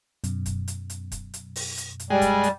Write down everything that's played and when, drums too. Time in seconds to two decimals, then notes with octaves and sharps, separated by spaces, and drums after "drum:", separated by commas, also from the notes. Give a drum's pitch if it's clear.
0.24 F#2 B2, drum: hi-hat
0.46 drum: kick, hi-hat
0.68 drum: hi-hat
0.90 drum: hi-hat
1.12 drum: kick, hi-hat
1.34 drum: hi-hat
1.56 drum: open hi-hat
1.78 drum: hi-hat
2.00 drum: hi-hat
2.10 G3 G#3 G5
2.22 drum: kick, hi-hat
2.44 drum: hi-hat